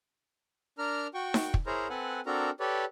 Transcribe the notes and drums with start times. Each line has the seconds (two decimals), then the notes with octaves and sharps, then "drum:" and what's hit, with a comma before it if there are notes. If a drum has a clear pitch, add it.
0.78 D4 A#4 A#5 F6
1.14 F#4 G5 C#6
1.34 drum: snare D#4
1.54 drum: kick
1.67 E4 G#4 A#4 C5 C#5 A#5
1.90 C4 A4 B4 F#5 G#5
2.26 C4 D4 F#4 A4 A#4 A#5
2.60 G4 A4 B4 C#5 D5